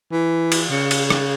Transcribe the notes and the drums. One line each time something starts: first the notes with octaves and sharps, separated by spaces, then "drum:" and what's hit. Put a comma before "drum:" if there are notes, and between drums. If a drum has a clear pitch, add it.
E3
drum: cymbal
C#3
drum: cymbal
drum: rim click